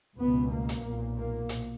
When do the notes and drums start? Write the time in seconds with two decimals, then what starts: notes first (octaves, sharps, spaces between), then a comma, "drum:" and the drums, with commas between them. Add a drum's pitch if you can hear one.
0.18 C#2 B2 B3
0.51 A#3
0.69 drum: hi-hat
0.85 B1 A#2
1.18 A#3
1.49 drum: hi-hat